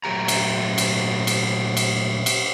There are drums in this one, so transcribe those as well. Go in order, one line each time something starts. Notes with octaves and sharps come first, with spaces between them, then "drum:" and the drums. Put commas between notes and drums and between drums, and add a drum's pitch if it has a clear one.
A#2 F#3 A3 G4 A#5
drum: cymbal
drum: cymbal
drum: cymbal
drum: cymbal
drum: cymbal